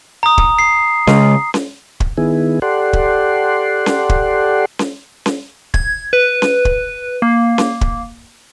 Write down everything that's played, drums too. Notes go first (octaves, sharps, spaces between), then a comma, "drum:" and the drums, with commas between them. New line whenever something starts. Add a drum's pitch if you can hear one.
A#5 D#6
drum: kick
C7
C#3 G#3, drum: snare C#4
drum: snare C#4
drum: kick
D#3 B3 E4 G#4
G4 A4 D5 F#5 C6
drum: kick
drum: snare C#4
drum: kick
drum: snare C#4
drum: snare C#4
G#6, drum: kick
B4
drum: snare C#4
drum: kick
A#3
drum: snare C#4
drum: kick